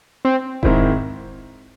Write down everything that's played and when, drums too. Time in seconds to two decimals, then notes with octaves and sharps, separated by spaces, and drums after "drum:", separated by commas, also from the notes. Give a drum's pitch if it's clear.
0.25 C4
0.63 G#2 D#3 G#3 C4 E4, drum: kick E1